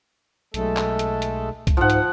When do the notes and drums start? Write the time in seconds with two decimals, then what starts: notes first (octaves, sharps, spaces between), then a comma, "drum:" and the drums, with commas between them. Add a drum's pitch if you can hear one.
0.54 B1 G#3 A3 A4, drum: hi-hat
0.77 drum: clap
0.99 drum: hi-hat
1.22 drum: hi-hat
1.67 drum: kick, hi-hat
1.77 G#2 F3 F#5
1.90 drum: hi-hat